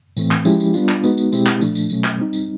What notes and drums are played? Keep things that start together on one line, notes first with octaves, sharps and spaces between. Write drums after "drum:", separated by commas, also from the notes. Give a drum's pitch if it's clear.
A2 E3 A3 C4, drum: tambourine
drum: clap
F3 G#3 C#4 E4 G4, drum: tambourine
drum: tambourine
G3 B3 D4 F4, drum: tambourine
drum: clap
G#3 B3 D#4 F#4, drum: tambourine
drum: tambourine
B2 G#3 C4 E4 G4, drum: tambourine
drum: clap
A#2 F3 A3 D4, drum: tambourine
drum: tambourine
B2 F#3 A3 C#4, drum: tambourine
drum: clap
G3 C4 D#4
drum: tambourine